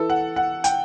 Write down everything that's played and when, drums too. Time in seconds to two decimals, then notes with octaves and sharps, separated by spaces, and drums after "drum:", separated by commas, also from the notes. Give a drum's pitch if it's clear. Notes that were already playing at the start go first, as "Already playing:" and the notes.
Already playing: E3 A4
0.10 F#5
0.36 F#5
0.64 G5, drum: hi-hat